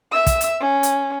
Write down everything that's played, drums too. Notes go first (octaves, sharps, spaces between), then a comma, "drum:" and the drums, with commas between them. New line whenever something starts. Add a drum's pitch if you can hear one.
E5 E6
drum: kick, hi-hat
drum: hi-hat
C#4
drum: hi-hat